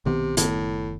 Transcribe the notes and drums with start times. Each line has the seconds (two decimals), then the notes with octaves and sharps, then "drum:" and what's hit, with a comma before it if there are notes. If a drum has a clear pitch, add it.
0.06 B1 C3 D#3 B3
0.37 F#1 A2 D#3 B3, drum: hi-hat